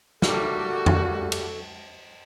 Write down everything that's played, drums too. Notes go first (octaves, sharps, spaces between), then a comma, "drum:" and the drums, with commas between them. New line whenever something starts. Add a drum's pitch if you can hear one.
G3 A3 A#3 F#4 A4, drum: snare
drum: tom F2
drum: cymbal